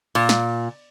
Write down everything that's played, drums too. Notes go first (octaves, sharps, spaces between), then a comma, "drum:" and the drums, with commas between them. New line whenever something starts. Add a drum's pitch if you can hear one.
A#2, drum: cymbal
drum: snare